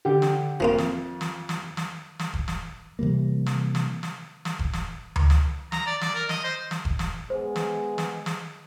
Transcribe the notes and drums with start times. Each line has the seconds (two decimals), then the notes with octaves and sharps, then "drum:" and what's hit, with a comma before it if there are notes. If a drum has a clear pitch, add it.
0.05 D3 G4
0.22 drum: snare
0.60 F2 F3 A#3 F4
0.78 drum: snare
1.21 drum: snare
1.49 drum: snare
1.77 drum: snare
2.19 drum: snare
2.34 drum: kick E1
2.48 drum: snare
2.99 C3 E3 G3 A#3
3.46 drum: snare
3.75 drum: snare
4.03 drum: snare
4.45 drum: snare
4.59 drum: kick E1
4.73 drum: snare
5.16 drum: tom D2
5.30 drum: snare
5.72 A#5, drum: snare
5.86 D5
6.01 D5, drum: snare
6.15 A#4
6.29 D#5, drum: snare
6.44 C5
6.71 drum: snare
6.85 drum: kick E1
6.99 drum: snare
7.30 G#3 B3 G#4 C5
7.56 drum: snare
7.98 drum: snare
8.26 drum: snare